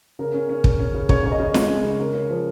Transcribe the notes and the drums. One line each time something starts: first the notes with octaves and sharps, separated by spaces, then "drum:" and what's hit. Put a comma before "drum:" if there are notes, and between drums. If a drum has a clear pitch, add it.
C#3 A#4
C#4
C#4
C#4, drum: kick
C#4
C#3
C#3 C#5, drum: kick
C#4 C#5
D#5
C#3
G#3, drum: snare
C#4
C#3
C#3 A#4
C#3
F3